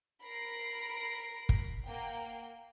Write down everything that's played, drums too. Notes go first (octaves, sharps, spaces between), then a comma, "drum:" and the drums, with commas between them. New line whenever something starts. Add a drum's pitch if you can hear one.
A#4 B5 A#6 C7 D7
drum: kick
A#3 F#5 G5